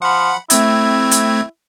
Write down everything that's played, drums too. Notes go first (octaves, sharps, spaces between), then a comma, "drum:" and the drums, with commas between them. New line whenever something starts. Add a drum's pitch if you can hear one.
F3 F#5 B5
A3 C4 E4 G#6, drum: hi-hat
drum: hi-hat